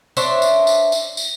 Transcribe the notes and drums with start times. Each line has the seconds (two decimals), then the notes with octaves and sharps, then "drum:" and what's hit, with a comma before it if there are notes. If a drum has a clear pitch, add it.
0.17 D4 C5 C#5 E5, drum: tambourine
0.42 drum: tambourine
0.67 drum: tambourine
0.92 drum: tambourine
1.17 drum: tambourine